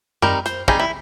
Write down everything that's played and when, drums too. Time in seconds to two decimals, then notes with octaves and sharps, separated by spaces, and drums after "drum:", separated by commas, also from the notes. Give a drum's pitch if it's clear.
0.22 G3 C4 D#4 A#4, drum: tom F#2
0.46 C5, drum: hi-hat
0.68 G3 C4 D#4 G#4, drum: kick
0.80 E4